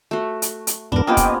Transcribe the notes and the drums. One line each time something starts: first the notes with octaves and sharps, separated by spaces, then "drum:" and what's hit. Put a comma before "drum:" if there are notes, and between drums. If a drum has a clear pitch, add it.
A3 F#4
drum: hi-hat
drum: hi-hat
E2 G#2 B3 D4 A#4
A#3 B3 C#4 F4 G4 C5 D#5 G5
drum: kick, hi-hat